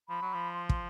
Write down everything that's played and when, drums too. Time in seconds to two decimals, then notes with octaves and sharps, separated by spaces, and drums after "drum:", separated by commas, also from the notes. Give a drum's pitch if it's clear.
0.09 F3 B5
0.22 F#3
0.34 F3
0.54 C6
0.69 drum: kick